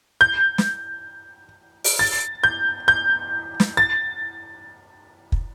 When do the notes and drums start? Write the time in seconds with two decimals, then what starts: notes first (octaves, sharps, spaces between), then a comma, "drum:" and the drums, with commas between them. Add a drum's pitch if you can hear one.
0.21 G6
0.58 drum: snare
1.84 drum: open hi-hat
1.99 A6
2.44 G6
2.88 G6
3.60 drum: snare
3.77 A6
5.32 drum: kick